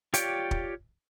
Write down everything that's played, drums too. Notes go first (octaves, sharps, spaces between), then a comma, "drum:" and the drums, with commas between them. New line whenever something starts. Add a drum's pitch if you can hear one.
F4 G4 C#5 D5 G5, drum: hi-hat
drum: kick